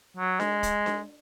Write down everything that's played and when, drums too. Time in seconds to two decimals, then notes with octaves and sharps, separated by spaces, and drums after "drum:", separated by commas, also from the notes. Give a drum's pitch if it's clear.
0.17 F#3
0.40 G#3, drum: snare D4
0.63 drum: kick, hi-hat
0.86 drum: snare D4